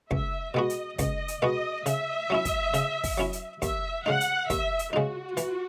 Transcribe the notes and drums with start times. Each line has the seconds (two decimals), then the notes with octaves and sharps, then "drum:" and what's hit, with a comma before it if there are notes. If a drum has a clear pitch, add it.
0.11 C#2 E5, drum: kick
0.54 B2 G#3 B3 F#4 D#5
0.70 drum: hi-hat
0.98 C#2 D#5, drum: kick, hi-hat
1.28 drum: hi-hat
1.42 B2 G#3 B3 F#4 D#5
1.86 C#3 E5, drum: hi-hat
2.30 F#3 C#4 E4
2.45 drum: kick, hi-hat
2.74 C#3, drum: hi-hat
3.04 drum: kick, open hi-hat
3.18 F#3 C#4 E4
3.33 drum: hi-hat
3.62 D#2 E5, drum: kick, hi-hat
4.06 C#3 G#3 D#4 F#5
4.21 drum: hi-hat
4.50 D#2 E5, drum: kick, hi-hat
4.79 drum: hi-hat
4.93 C#3 G#3 D#4 F#4
5.37 E3, drum: hi-hat